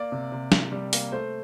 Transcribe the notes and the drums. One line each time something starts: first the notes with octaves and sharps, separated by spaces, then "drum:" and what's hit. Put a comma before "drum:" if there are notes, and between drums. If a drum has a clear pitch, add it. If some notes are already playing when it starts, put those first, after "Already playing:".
Already playing: A#3 D5
C3
C3
C3, drum: snare
G3
A#3, drum: open hi-hat
A3 C5